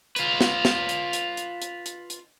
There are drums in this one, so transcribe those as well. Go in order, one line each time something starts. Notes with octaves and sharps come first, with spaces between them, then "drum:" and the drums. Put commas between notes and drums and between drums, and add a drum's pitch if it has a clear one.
F4 B4, drum: hi-hat
drum: snare
drum: snare
drum: hi-hat
drum: hi-hat
drum: hi-hat
drum: hi-hat
drum: hi-hat
drum: hi-hat